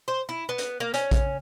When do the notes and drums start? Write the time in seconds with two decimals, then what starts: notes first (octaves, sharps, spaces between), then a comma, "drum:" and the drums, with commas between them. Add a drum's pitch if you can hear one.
0.08 C5
0.29 E4
0.49 B3
0.58 drum: hi-hat
0.80 A#3
0.94 C#4, drum: hi-hat
1.11 drum: kick A#1, hi-hat